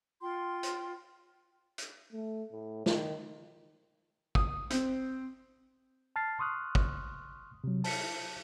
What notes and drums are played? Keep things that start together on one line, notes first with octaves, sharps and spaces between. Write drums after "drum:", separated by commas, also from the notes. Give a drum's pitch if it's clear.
F4 G5 C6
drum: hi-hat
drum: hi-hat
A3
A2
D#3, drum: snare
D#6, drum: kick
C4, drum: hi-hat
A5 F6 A6 C7
C6 C#6 D#6 F6 F#6
drum: kick
C3 F#3
A5 B6 C#7, drum: open hi-hat